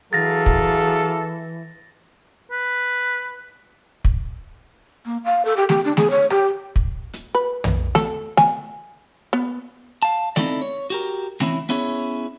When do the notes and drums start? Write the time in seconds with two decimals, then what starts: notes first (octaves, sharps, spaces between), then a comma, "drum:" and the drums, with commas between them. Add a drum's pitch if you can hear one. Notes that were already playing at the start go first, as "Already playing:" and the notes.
0.13 E3 F#3 G#4 A4 F5 A6 A#6
0.46 drum: kick
2.51 B4
4.05 drum: kick
5.05 A#3
5.25 F5
5.45 A4
5.57 G4
5.69 G4, drum: snare A3
5.85 D4
5.97 G#4, drum: snare A3
6.10 C#5
6.30 G4, drum: rim click
6.76 drum: kick
7.13 drum: hi-hat
7.35 B4
7.64 drum: tom
7.95 A4, drum: snare A3
8.37 G#5, drum: snare A3
9.33 B3
10.03 F5 A5
10.36 C4 D#4 E4 G4 A4 D5, drum: snare A3
10.62 C#5
10.90 F#4 G4 A#4
11.40 E3 C4 C#4 E4, drum: snare A3
11.69 B3 C#4 E4 G#4 A4 C#5